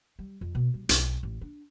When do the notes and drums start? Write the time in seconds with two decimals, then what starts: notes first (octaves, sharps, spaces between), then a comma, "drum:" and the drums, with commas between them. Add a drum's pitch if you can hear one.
0.19 G3
0.41 F2
0.55 B2
0.74 G3
0.89 B1, drum: hi-hat
1.23 A1
1.41 D4